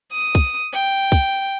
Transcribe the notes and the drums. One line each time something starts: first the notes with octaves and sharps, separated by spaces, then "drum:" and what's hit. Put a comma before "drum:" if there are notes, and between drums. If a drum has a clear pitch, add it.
D#6
drum: kick, open hi-hat
G5
drum: kick, open hi-hat